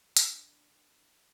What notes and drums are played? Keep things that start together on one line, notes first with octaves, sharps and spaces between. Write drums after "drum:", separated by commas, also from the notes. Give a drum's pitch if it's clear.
D4, drum: hi-hat